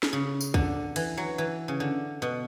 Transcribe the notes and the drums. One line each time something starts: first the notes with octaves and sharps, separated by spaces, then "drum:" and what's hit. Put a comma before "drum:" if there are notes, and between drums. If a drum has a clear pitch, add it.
drum: snare
C#3
drum: tambourine
D3, drum: kick
E3, drum: cymbal
F#3
E3
C#3
D3
B2